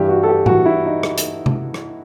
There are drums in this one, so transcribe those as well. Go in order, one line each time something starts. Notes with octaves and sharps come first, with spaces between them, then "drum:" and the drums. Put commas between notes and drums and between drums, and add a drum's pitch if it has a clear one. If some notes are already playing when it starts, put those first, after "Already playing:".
Already playing: G2 E3 G4
F#4
A4
G4
G2 E3 F#4, drum: tom A2
E4
D#4
drum: rim click
drum: hi-hat
drum: tom C3
drum: rim click